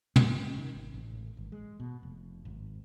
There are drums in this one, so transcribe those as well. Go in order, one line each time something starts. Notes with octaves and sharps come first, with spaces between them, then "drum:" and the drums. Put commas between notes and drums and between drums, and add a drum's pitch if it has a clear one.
B3, drum: tom
C3
D#3
G#1
A1
G#1
G#3
B2
F1
G#1